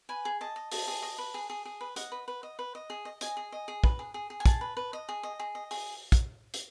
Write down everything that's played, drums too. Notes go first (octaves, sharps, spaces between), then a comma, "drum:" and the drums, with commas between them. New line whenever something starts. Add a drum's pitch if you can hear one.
B4 G#5
G#4
D#5 A5
D#5
D#5 A5, drum: open hi-hat
G#4
D#5
B4
G#4
G#4
G#4
B4
D#5 F#5, drum: hi-hat
B4
B4
D#5
B4
D#5
G#4
D#5
D#5 G#5, drum: hi-hat
G#4
D#5
G#4
B4, drum: kick
G#4
G#4
G#4
G#5
G#4 A5, drum: kick, hi-hat
B4
B4
D#5
G#4
D#5
G#4
D#5
G#4, drum: open hi-hat
drum: kick, hi-hat
drum: hi-hat